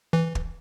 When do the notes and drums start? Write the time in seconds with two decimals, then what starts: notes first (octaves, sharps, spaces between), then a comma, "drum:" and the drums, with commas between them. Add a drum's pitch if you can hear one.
0.13 E3
0.35 drum: kick